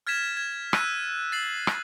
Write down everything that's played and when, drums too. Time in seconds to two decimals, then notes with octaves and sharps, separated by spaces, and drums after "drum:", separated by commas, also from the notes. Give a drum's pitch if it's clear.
0.07 F6 G#6 A6 B6 E7
0.37 G#6
0.73 E6 F#6 B6 D#7, drum: rim click
1.32 A6 C7 F#7
1.67 drum: rim click